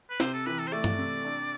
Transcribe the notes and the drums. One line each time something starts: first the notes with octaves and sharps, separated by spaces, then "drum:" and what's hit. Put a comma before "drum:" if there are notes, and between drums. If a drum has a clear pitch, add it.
B4
C3 C5, drum: snare
A4
E3 B4
A4
C5
A3 D5
drum: tom G2
C3
D4